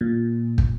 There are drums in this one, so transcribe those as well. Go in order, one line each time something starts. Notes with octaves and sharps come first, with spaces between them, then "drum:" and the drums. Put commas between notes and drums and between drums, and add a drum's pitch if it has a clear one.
A#2
drum: kick